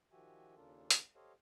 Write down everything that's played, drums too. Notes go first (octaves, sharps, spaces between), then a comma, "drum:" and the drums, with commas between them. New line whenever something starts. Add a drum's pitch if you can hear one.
D#3 F3 F#4 G4 E5 G#5
D#2 C#3 A#3 D4 F4 A4
drum: hi-hat
G4 A4 C5 C#5 D#5 F5